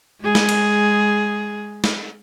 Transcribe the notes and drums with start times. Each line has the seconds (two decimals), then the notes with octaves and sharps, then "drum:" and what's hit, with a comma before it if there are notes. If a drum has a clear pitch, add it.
0.21 G#3 G#4
0.35 drum: snare
0.49 drum: cymbal
1.84 drum: snare